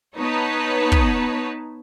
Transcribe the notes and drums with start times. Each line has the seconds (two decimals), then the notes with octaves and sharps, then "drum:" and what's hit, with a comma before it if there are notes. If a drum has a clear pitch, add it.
0.18 B3 D#4 B4 C#5 A5
0.92 drum: kick